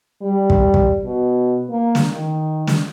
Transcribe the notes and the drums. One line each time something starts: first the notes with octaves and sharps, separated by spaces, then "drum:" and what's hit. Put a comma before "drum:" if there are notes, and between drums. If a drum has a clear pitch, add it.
G3
drum: kick
drum: kick
B2
A#3
drum: snare
D#3
drum: snare